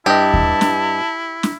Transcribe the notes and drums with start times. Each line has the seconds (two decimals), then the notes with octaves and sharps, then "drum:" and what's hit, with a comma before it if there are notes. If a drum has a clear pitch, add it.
0.06 G2 E4 G4 D#5 A5
0.34 drum: kick D#2
0.61 drum: snare
1.43 drum: snare